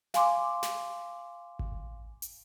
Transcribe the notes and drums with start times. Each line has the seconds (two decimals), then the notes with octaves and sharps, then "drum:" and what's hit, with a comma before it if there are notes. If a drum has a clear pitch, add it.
0.14 F5 G#5 C6 D6, drum: snare
0.63 drum: snare
1.59 drum: kick G#1
2.22 drum: hi-hat